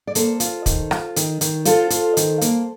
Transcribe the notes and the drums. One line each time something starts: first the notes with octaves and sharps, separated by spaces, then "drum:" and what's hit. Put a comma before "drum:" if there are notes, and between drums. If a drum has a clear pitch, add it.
D5
A#3 A4 C5, drum: hi-hat
F4, drum: hi-hat
D#3, drum: kick, hi-hat
F4, drum: rim click
D#3, drum: hi-hat
D#3, drum: hi-hat
F4 A4 C5, drum: hi-hat
F4, drum: hi-hat
D#3, drum: hi-hat
A#3, drum: hi-hat